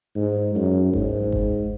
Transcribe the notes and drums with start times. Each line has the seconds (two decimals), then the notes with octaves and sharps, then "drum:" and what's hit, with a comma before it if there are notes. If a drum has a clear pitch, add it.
0.16 G#2
0.55 F#2
0.93 G#2, drum: kick G1
1.32 drum: kick G1